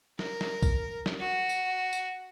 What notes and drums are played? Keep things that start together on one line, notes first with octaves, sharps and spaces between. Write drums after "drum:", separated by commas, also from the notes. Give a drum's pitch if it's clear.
A#4, drum: snare
drum: snare
drum: kick B1, tambourine
drum: snare
F#4
drum: tambourine
drum: tambourine